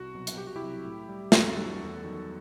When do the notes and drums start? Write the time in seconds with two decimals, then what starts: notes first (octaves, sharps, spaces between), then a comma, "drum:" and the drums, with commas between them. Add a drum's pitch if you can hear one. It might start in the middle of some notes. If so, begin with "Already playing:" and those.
Already playing: C2 F#4
0.15 B2 F#3
0.27 drum: hi-hat
0.38 C2 G4
0.47 F#4
0.56 E4 G4
0.62 C3 F#3
0.85 A2
1.09 G3
1.32 F#2 F#4 A4, drum: snare
1.56 D#3 G3
1.80 E2
2.03 D#3 F#3